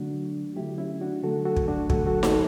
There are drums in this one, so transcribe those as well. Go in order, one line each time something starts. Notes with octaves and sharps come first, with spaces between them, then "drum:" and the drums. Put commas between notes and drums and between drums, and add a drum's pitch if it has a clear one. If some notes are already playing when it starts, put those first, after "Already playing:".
Already playing: D3 F#3 A3 D4 F#4
D3 F#3 A3 E4 G4
C#4 E4
D4 F#4
D3 F#3 A3 F#4 A4
F#4 A4
drum: kick
D4 F#4
D3 F#3 A3 F#4 A4, drum: kick
F#4 A4
F#4 A4, drum: snare D#4